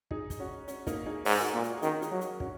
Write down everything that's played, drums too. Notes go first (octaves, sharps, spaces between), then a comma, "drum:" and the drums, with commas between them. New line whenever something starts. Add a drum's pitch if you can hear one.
D#4 G#4, drum: kick
drum: kick, hi-hat
C#4 F#4
C#4, drum: hi-hat
A#3 D#4, drum: kick, hi-hat
D#4 G#4
G#2 G#4 C#5, drum: open hi-hat
F#4 A#4
A#2 A#3
drum: hi-hat
G#4
D#3 C#4 F#4, drum: hi-hat
D#4 G#4, drum: hi-hat
F#3
drum: hi-hat
C#4 F#4, drum: kick